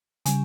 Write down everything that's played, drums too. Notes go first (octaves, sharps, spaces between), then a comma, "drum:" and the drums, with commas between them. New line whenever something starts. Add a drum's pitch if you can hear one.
C#3 G3 G#5, drum: hi-hat